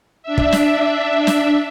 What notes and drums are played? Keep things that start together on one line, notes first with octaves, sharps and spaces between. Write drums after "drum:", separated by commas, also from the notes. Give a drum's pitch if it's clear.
D4 E5
drum: kick
drum: snare
drum: snare